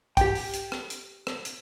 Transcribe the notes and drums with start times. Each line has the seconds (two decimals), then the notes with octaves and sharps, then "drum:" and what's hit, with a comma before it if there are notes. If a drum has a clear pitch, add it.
0.17 G4 G5, drum: kick, hi-hat
0.35 drum: open hi-hat
0.54 drum: hi-hat
0.72 drum: rim click
0.90 drum: hi-hat
1.27 drum: rim click
1.45 drum: hi-hat